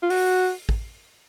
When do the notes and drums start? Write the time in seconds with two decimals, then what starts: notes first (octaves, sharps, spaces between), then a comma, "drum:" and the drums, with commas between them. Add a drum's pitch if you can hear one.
0.03 F4
0.10 F#4, drum: open hi-hat
0.69 drum: kick